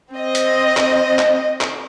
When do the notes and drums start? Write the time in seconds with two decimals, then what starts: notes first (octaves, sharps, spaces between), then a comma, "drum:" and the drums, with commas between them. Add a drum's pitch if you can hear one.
0.14 C4 D#5
0.35 drum: hi-hat
0.77 drum: clap
1.19 drum: clap
1.61 drum: clap